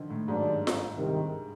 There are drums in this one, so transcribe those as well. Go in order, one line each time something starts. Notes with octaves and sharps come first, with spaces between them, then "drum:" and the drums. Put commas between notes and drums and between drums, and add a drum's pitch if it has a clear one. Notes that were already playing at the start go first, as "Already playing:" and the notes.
Already playing: D3 D#3 F3
A2
G#2 D#3 F#3 A#3 D4
G2
drum: snare F4
C2 C3 D#3